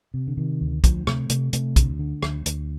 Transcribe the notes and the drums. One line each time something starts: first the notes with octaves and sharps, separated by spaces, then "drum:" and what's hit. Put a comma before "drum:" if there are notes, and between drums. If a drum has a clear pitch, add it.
C3
D3
C3 D#3
D2
D2 F3, drum: kick, hi-hat
C3 A3, drum: rim click
C3 A3, drum: hi-hat
C3 A3, drum: hi-hat
D2, drum: kick, hi-hat
D3
D2, drum: rim click
D2, drum: hi-hat